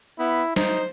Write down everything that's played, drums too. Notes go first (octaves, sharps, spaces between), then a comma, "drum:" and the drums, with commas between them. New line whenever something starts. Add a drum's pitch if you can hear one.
B3 E4
D#4 C5, drum: snare